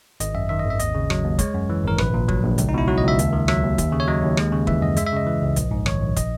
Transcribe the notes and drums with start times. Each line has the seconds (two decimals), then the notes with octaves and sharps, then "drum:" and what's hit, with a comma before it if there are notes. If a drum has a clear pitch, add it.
0.20 G#1 D#5, drum: hi-hat
0.34 F#2 E5
0.49 D#3 E5
0.59 D#5
0.65 G#1
0.70 E5
0.79 D#2 D#5, drum: hi-hat
0.95 C#3
1.10 F#3, drum: rim click
1.24 D#2
1.39 G#3 C#5, drum: kick, hi-hat
1.54 F#2
1.69 E3
1.84 G#1 A#4
1.98 A#1 B4, drum: rim click
2.14 A#2
2.29 F#3, drum: kick
2.43 A#1
2.58 C#2, drum: hi-hat
2.69 D#4
2.74 B2 E4
2.88 F#3 F#4
2.98 D#5
3.04 C#2 E5
3.19 D#2, drum: hi-hat
3.33 D#3
3.48 F#3 E5, drum: rim click
3.63 D#2
3.78 D#2, drum: kick, hi-hat
3.92 C#3
4.00 C#5
4.08 F#3 D#5
4.23 D#2
4.37 G#3, drum: rim click
4.52 C#3
4.67 E3 E5, drum: kick
4.81 F#2 D#5
4.96 G#3 E5, drum: hi-hat
5.06 E5
5.12 C#3 D#5
5.26 E3
5.41 C#2
5.56 A#1, drum: hi-hat
5.71 G#2
5.86 D#3 C#5, drum: rim click
6.01 A#1
6.16 D#5, drum: kick, hi-hat